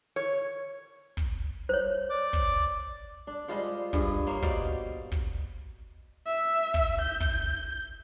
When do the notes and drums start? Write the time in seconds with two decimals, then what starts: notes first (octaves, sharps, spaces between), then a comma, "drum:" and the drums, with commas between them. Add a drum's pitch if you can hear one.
0.16 C#5
1.17 drum: kick
1.69 C5 C#5
2.10 D5 D6
2.33 drum: kick
3.27 D4
3.48 G3 G#3 F4 C5
3.93 G2 G#4, drum: kick
4.27 A#3 C5 C#5
4.42 B2 C5 D5 F5, drum: kick
5.12 drum: kick
6.26 E5
6.74 drum: kick
7.01 G6
7.20 drum: kick